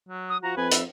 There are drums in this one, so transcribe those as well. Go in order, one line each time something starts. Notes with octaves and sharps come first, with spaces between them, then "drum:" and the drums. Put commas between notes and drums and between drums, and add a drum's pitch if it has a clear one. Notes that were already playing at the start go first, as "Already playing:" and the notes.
F#3
D#6
F3 F#4 A#5
F2 B4 G#5
E5, drum: hi-hat